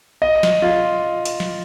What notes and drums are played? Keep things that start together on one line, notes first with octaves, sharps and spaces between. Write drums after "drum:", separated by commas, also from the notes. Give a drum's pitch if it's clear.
D#5
drum: snare
F4
drum: hi-hat
drum: snare